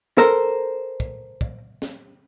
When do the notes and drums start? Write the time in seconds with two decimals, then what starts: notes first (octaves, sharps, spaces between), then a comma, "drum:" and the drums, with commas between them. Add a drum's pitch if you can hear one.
0.18 A4 A#4 C5, drum: snare
1.00 drum: kick
1.41 drum: kick
1.82 drum: snare